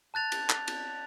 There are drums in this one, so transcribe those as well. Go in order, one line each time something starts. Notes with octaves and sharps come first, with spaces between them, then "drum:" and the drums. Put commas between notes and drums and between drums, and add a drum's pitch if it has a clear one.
A5 F#6 A6 F7
drum: cymbal
drum: clap
drum: cymbal